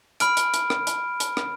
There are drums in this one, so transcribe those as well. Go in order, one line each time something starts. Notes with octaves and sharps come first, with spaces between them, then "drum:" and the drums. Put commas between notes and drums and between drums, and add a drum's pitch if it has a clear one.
B5 F6 D7, drum: hi-hat
drum: hi-hat
drum: hi-hat
drum: rim click
drum: hi-hat
drum: hi-hat
drum: rim click